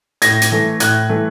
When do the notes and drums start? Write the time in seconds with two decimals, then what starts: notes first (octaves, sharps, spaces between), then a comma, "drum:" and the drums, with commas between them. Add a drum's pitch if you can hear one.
0.22 A2 G#6 A#6, drum: hi-hat
0.42 drum: hi-hat
0.52 E3 A3
0.80 A2 F#6 G#6, drum: hi-hat
1.09 E3 A3